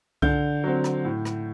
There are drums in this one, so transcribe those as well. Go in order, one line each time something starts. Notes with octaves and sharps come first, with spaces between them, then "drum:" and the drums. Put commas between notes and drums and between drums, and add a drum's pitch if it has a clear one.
D3 G6, drum: kick C2
F#3 C4
drum: rim click
A2
drum: rim click